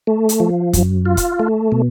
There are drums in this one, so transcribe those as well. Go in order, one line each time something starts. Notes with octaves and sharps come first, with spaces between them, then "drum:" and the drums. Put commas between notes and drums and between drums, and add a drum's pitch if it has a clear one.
A3
drum: hi-hat
F3
F#2, drum: kick, hi-hat
F4
drum: kick, hi-hat
A3
B2